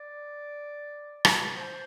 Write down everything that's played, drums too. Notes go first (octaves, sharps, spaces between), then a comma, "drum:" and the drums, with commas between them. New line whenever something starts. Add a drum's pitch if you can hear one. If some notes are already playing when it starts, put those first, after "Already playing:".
Already playing: D5
drum: rim click
C5